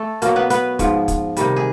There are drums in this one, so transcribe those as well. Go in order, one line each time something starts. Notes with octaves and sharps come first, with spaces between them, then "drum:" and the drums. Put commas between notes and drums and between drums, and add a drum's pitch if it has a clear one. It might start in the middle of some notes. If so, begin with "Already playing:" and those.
Already playing: A3 A4
B2 F#3 A#3 A#4, drum: hi-hat
B3 B4
B3 B4, drum: hi-hat
G#2 F3, drum: kick, hi-hat
drum: kick, hi-hat
C3 D#3 G3, drum: hi-hat
G#4